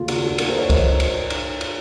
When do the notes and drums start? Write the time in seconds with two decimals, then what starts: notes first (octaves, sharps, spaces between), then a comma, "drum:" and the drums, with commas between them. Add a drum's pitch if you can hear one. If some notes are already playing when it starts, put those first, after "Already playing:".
Already playing: D#2 C#3 A3 F4
0.08 F#4, drum: cymbal
0.24 F4 A4
0.38 A#2 A3 D#4 F#4 A#4, drum: cymbal
0.49 A4 C5
0.59 A#4 C#5
0.70 C5 D#5, drum: kick C2, cymbal
1.00 drum: cymbal
1.30 drum: cymbal
1.61 drum: cymbal